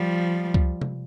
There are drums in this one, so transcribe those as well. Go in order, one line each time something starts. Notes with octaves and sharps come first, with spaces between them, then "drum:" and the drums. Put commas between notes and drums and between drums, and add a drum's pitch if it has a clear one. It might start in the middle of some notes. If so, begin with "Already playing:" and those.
Already playing: F3 G3
drum: kick C#2
drum: tom C3